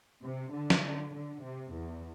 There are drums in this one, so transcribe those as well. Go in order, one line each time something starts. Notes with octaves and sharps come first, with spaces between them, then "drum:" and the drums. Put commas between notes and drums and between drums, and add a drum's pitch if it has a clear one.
C3
D3
drum: snare
D3
D3
C3
E2